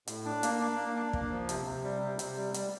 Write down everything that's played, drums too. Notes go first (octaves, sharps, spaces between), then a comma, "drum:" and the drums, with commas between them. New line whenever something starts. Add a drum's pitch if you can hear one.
A2, drum: hi-hat
D4
A#3, drum: hi-hat
D4
A#3
D4
A#3, drum: kick
F3
C3, drum: hi-hat
C3
G3
C3
C3, drum: hi-hat
G3
G3, drum: hi-hat